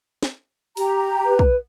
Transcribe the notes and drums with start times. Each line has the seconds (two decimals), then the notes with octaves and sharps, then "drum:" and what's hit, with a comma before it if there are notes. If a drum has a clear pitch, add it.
0.23 drum: snare
0.77 G4 A#5, drum: open hi-hat
1.25 B4
1.39 drum: kick